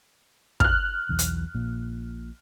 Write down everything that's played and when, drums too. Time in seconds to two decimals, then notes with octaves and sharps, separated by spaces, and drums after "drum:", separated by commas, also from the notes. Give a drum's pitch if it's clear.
0.60 F6 F#6, drum: kick
1.09 B1 E2 B2
1.19 drum: hi-hat
1.54 A#1 A#2